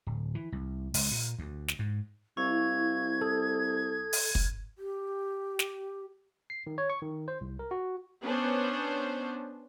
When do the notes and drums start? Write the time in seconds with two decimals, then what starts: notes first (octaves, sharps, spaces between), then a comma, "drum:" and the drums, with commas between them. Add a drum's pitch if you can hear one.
0.07 D1
0.35 E3
0.52 C2
0.94 C#2, drum: open hi-hat
1.11 A#2
1.39 D2
1.68 drum: snare
1.79 G#2
2.37 C2 E4 F5 C#6 G#6
3.21 A4 D#6
4.13 drum: open hi-hat
4.35 drum: kick
4.76 G4
5.59 drum: snare
6.50 C7
6.67 D#3
6.78 C#5
6.90 C#6
7.02 D#3
7.28 C5
7.41 C2
7.59 A#4
7.71 F#4
8.23 B3 C#4 D4 C5